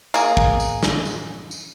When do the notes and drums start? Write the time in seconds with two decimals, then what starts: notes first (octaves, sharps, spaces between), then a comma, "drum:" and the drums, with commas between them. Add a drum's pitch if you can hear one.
0.14 A#3 G#4, drum: tambourine
0.37 drum: kick
0.60 drum: tambourine
0.83 drum: snare
1.05 drum: tambourine
1.51 drum: tambourine